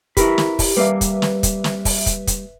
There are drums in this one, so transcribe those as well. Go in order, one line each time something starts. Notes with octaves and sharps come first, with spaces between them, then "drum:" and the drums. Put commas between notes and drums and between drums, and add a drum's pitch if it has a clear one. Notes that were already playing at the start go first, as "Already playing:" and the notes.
E4 G4 A#4 B4, drum: kick, hi-hat
drum: snare
drum: kick, open hi-hat
G3 A#3 B4 E5
drum: kick, hi-hat
drum: snare
drum: kick, hi-hat
drum: snare
drum: kick, open hi-hat
drum: kick, hi-hat
drum: kick, hi-hat